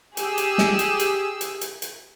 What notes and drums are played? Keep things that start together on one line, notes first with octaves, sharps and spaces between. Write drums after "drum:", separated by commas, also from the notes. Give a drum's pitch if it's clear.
G4 G#4 E6, drum: hi-hat
drum: hi-hat
drum: snare
drum: hi-hat
drum: hi-hat
drum: hi-hat
drum: hi-hat
drum: hi-hat